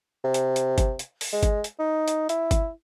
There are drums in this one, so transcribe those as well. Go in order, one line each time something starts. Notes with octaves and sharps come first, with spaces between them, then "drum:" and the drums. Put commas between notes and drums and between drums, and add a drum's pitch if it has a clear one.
C3
drum: hi-hat
drum: hi-hat
drum: kick G1, hi-hat
drum: hi-hat
drum: open hi-hat
G#3
drum: kick G1, hi-hat
drum: hi-hat
D#4
drum: hi-hat
E4, drum: hi-hat
drum: kick G1, hi-hat